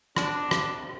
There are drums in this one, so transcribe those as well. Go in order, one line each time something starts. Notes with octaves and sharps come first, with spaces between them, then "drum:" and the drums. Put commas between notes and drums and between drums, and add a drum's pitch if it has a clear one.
D4, drum: rim click
drum: rim click